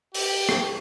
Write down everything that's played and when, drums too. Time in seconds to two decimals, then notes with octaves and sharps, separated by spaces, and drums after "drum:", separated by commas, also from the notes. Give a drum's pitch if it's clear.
0.14 G4, drum: open hi-hat
0.49 drum: rim click